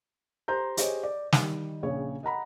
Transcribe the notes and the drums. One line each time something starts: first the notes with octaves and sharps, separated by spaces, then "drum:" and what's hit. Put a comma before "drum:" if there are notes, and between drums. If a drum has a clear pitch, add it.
G4 C5 A#5 C6 G6
G4 G#4 C5 C#5 D#5, drum: hi-hat
D5
D#3 G3, drum: snare
A#1 C#3 C#5
D#5 F#5 A#5 B5